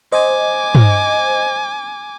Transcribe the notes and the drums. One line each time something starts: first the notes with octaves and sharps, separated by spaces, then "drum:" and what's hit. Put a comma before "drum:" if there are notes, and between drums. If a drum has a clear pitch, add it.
C5 D#5 G#5 D6
drum: tom